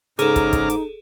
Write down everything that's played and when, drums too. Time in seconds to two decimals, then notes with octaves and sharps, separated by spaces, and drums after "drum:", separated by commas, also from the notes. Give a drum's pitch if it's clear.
0.19 G#2 C#3 D#4 G#4 A4 A#5 D6 F6, drum: hi-hat
0.36 drum: kick, hi-hat
0.53 drum: kick, hi-hat
0.70 drum: hi-hat